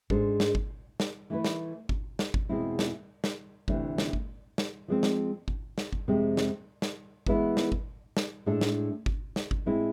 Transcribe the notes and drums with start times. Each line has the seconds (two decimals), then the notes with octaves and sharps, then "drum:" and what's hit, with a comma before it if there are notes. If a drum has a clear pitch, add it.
0.10 G#2 G#3 D4 A4 C5, drum: kick G1
0.40 drum: snare
0.55 drum: kick G1
1.00 drum: snare
1.30 E3 A3 E4 B4
1.44 drum: snare
1.89 drum: kick G1
2.19 drum: snare
2.34 drum: kick G1
2.49 E2 B2 G#3 C4 E4
2.79 drum: snare
3.24 drum: snare
3.68 D2 C3 E3 A3 D4, drum: kick G1
3.98 drum: snare
4.13 drum: kick G1
4.58 drum: snare
4.88 F3 G#3 C4
5.03 drum: snare
5.48 drum: kick G1
5.78 drum: snare
5.93 drum: kick G1
6.08 F2 C3 G#3 C4
6.37 drum: snare
6.82 drum: snare
7.27 E3 G#3 B3 E4, drum: kick G1
7.57 drum: snare
7.72 drum: kick G1
8.17 drum: snare
8.46 A2 G#3 D4 A4
8.61 drum: snare
9.06 drum: kick G1
9.36 drum: snare
9.51 drum: kick G1
9.66 A2 G#3 C4 E4